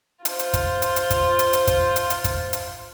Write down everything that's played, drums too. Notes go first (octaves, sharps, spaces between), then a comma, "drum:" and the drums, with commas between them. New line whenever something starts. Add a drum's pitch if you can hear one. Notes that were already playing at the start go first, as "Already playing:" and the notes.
F4 C5, drum: hi-hat
drum: hi-hat
drum: kick, hi-hat
drum: hi-hat
drum: hi-hat
drum: kick, hi-hat
drum: hi-hat
drum: hi-hat
drum: kick, hi-hat
drum: hi-hat
drum: hi-hat
drum: kick, hi-hat
drum: hi-hat